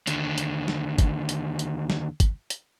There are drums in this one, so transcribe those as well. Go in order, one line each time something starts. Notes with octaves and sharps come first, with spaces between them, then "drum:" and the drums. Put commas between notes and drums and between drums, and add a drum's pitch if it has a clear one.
D#2 D3, drum: hi-hat
drum: hi-hat
drum: snare
drum: kick, hi-hat
drum: hi-hat
drum: hi-hat
drum: snare
drum: kick, hi-hat
drum: hi-hat